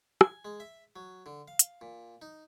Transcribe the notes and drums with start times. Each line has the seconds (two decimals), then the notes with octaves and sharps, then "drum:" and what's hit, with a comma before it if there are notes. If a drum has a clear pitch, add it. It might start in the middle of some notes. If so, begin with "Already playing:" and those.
0.21 G#5, drum: rim click
0.45 G#3
0.60 E5
0.96 F#3
1.26 D3
1.48 F5
1.59 drum: hi-hat
1.81 A#2
2.22 D#4